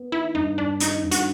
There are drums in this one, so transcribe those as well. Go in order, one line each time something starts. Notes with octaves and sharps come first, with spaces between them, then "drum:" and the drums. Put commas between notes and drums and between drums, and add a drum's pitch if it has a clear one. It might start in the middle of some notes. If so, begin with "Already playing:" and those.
Already playing: B3
D#3 E4
G2 D#4
G2 D4
D#3 D#4, drum: hi-hat
G2
F#4, drum: hi-hat